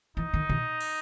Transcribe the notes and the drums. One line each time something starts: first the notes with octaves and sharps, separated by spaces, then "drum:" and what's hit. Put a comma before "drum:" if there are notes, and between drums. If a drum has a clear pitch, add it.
E3 D#4
D#3
D#3, drum: tom A#2
drum: cymbal